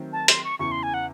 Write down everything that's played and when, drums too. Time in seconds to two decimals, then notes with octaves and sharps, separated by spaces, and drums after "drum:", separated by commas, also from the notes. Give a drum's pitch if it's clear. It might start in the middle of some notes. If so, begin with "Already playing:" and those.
Already playing: D#3 F#3 A3 C4
0.13 A5
0.28 C6, drum: hi-hat
0.44 C#6
0.59 E2 C#3 E3 C#6
0.72 C6
0.83 G#5
0.94 F#5